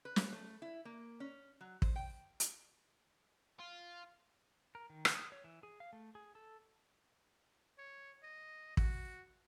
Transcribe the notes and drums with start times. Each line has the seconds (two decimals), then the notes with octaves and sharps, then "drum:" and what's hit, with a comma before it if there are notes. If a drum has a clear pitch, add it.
0.05 B4
0.16 drum: snare
0.33 A3
0.62 E4
0.85 A#3
1.20 C#4
1.61 F#3
1.82 C5, drum: kick
1.96 G5
2.40 drum: hi-hat
3.59 F4
4.75 A#4
4.90 D#3
5.05 drum: rim click
5.15 D#6
5.32 C#5
5.44 E3
5.63 G#4
5.80 F5
5.93 A3
6.15 G#4
6.35 A4
7.78 C#5
8.23 D#5
8.77 F#4, drum: kick